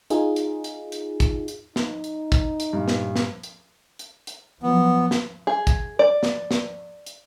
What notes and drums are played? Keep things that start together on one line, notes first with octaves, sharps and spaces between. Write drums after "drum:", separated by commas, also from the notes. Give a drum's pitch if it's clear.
D#4 F4 G#4, drum: hi-hat
drum: hi-hat
drum: hi-hat
drum: hi-hat
drum: kick, hi-hat
drum: hi-hat
D#4, drum: snare
drum: hi-hat
drum: kick, hi-hat
drum: hi-hat
G2 A#2
drum: snare
drum: snare
drum: hi-hat
drum: hi-hat
drum: hi-hat
F3 F#3 B3
drum: snare
G#4
drum: kick, hi-hat
D5
drum: snare
drum: snare
drum: hi-hat